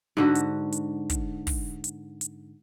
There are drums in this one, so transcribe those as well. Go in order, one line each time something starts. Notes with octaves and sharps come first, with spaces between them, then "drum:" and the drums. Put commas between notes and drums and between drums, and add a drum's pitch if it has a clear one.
G#2 D3 F#4
drum: hi-hat
drum: hi-hat
drum: kick, hi-hat
drum: kick, open hi-hat
drum: hi-hat
drum: hi-hat